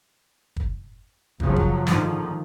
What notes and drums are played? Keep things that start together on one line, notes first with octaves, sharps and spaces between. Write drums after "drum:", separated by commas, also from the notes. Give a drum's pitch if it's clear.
drum: kick
F#2 C#3 F3 F#3, drum: kick
drum: kick
G#2 D3 D#3 F3 A#3, drum: snare